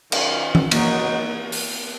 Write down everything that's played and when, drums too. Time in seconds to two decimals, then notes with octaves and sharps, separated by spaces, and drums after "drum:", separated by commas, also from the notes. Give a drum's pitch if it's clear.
0.12 F#2 D#3 A#3 C#4 F4, drum: cymbal
0.55 drum: tom E3
0.71 C#3 G#3 A#3 B3 D#4 F#4, drum: cymbal
1.52 drum: open hi-hat